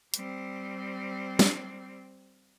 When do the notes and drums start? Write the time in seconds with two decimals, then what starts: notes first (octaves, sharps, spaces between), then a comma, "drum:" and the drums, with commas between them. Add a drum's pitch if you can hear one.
0.14 G3 C4, drum: hi-hat
1.39 drum: snare